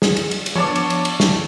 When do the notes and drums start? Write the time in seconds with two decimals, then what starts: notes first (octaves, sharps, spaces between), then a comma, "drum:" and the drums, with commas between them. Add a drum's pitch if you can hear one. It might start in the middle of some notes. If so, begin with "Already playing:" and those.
0.02 G#4, drum: snare
0.17 drum: cymbal
0.31 drum: cymbal
0.46 drum: cymbal
0.56 F3 B3 D4 C#5 A5 D6
0.76 drum: cymbal
0.90 drum: cymbal
1.05 drum: cymbal
1.20 drum: snare